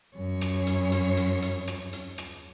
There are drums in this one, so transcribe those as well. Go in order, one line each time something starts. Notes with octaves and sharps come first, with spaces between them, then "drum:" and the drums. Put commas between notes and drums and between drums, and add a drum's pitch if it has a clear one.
F#2 C#5
drum: rim click
drum: hi-hat
drum: hi-hat
drum: hi-hat
drum: hi-hat
drum: rim click
drum: hi-hat
drum: rim click